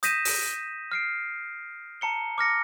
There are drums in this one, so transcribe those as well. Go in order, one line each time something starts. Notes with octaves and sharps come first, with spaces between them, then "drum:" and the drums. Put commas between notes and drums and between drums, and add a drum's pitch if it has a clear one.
D#6 G6 A#6 B6 D#7 E7, drum: hi-hat
drum: open hi-hat
F6 C7 D7
A5 A#5 C#7 G7
D6 F6 A#6 C#7